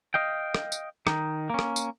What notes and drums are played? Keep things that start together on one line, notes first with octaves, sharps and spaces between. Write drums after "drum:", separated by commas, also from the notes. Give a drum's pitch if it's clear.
D#5 F5 G5
drum: rim click
drum: tambourine
D#3 D#4, drum: rim click
A#3 C#4
drum: rim click
drum: tambourine